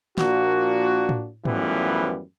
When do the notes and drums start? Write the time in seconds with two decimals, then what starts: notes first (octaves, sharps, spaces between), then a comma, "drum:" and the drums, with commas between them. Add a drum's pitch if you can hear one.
0.18 A#2 F3 A#3 D4 F#4, drum: snare
1.09 drum: tom A2
1.45 F#2 A2 E3 F3 G3 B3, drum: tom G#2